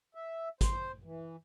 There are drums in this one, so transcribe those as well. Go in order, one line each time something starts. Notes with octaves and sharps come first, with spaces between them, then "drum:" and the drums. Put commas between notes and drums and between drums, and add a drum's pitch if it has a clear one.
E5
C5, drum: kick, hi-hat
E3